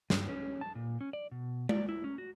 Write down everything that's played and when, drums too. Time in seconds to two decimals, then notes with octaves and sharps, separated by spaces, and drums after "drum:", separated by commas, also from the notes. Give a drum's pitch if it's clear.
0.10 G2, drum: snare
0.29 C#4
0.61 A5
0.75 A#2
1.01 C#4
1.13 D5
1.31 B2
1.69 D5, drum: tom G#3
1.89 E4
2.04 C#4
2.18 F#4